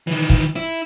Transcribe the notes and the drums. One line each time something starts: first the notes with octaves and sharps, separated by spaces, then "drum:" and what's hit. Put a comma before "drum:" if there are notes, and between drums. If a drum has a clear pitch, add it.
D#3 E3
drum: kick
E4